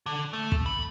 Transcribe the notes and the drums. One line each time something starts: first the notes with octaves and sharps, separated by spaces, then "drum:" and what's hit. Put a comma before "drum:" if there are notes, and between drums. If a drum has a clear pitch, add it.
D3
A3
drum: kick
B5